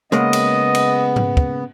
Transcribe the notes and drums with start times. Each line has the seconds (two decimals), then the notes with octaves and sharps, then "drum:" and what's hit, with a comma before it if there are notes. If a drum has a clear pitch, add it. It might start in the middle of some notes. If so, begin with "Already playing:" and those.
0.12 C#3 G#3 A#3 B3 D#5, drum: rim click
0.33 drum: cymbal
0.75 drum: cymbal
1.16 drum: tom G#2
1.37 drum: kick